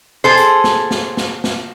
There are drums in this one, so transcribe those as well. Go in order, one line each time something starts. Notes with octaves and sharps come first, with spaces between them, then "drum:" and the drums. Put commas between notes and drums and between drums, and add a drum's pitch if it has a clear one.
G#4 A4 C5
drum: hi-hat
drum: snare
drum: snare
drum: snare
drum: snare